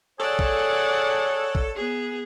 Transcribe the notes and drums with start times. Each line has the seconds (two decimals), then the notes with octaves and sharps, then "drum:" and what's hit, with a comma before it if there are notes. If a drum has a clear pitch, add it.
0.20 G#4 A4 C#5 D5 F#5
0.39 drum: kick
1.55 drum: kick
1.75 B3 G#4